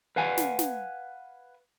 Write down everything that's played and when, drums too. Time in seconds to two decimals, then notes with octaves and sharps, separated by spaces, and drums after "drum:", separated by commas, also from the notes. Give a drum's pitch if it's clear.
0.16 B4 F5 F#5 G#5
0.37 drum: snare
0.59 drum: snare